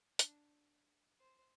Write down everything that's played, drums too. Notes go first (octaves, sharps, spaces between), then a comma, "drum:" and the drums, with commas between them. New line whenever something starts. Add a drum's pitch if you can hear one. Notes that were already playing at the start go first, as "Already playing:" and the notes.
D4, drum: hi-hat
C5